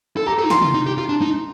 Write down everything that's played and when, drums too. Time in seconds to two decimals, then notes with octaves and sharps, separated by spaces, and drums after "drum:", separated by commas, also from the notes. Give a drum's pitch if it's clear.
0.17 A4
0.27 G4 A#5
0.39 A4
0.45 D#4
0.50 F4 C6, drum: snare
0.62 F4, drum: tom C3
0.74 D#4
0.86 G4
0.98 F4
1.09 D4
1.22 D#4